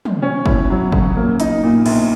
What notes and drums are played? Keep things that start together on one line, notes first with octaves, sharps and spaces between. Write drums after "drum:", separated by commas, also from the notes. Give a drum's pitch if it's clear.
drum: tom
C#4
E4, drum: kick F#1
F#3
C#3, drum: kick F#1
A#3
D#4, drum: hi-hat
A#2
A#1, drum: cymbal